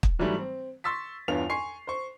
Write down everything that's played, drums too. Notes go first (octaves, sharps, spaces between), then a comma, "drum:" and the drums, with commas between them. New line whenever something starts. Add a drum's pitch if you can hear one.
drum: kick
G#2 E3 F#3 G3 A3
C4
C6 C#6 E6 A6 B6
E2 G2 B3 F4 C#5 F7
G#5 C6 C#6 C7
C5 C#6